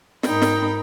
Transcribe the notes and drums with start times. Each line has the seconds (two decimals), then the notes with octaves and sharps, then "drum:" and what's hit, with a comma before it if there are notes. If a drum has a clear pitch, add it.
0.23 G#2 D#4 A#4 G5 B5, drum: snare
0.42 drum: snare